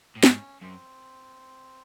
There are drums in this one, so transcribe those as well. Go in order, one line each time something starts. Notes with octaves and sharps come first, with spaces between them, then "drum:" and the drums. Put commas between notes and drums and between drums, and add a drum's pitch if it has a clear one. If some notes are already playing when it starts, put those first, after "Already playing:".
A2
G#2 C#4, drum: snare
F#2 C4